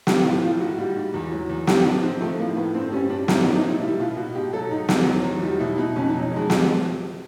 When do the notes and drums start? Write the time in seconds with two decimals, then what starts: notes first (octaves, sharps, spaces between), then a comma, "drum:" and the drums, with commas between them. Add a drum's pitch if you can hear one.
0.07 F3 G4, drum: snare
0.24 A2 F4
0.43 A2 F4
0.60 G#2 F#4
0.78 G3
0.96 G#2
1.14 E2
1.32 F#3
1.50 E2
1.67 F3 G4, drum: snare
1.85 G#2 D4
2.03 G#2 C4
2.21 F3 A3
2.39 A2 A#3
2.57 A2 B3
2.74 G2 C4
2.92 G3 C#4
3.10 G2 D4
3.28 F#3 E4, drum: snare
3.41 D#4
3.46 A#2 D4
3.55 D#4
3.64 A#2 E4
3.81 G3 E4
3.99 B2 F4
4.17 B2 F#4
4.35 G#2 G4
4.53 F#3 A4
4.71 G#2 D#4
4.89 E2, drum: snare
5.06 F#3
5.24 E2
5.42 G3 D#4
5.60 B2 E4
5.78 B2 D#4
5.96 F2 C#4
6.09 D#4
6.14 F#3
6.31 F2 G#3
6.50 F3, drum: snare